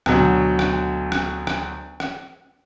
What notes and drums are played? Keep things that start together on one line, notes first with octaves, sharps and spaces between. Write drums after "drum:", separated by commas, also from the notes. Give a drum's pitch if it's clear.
D2 B2 F#3, drum: rim click
drum: rim click
drum: rim click
drum: rim click
drum: rim click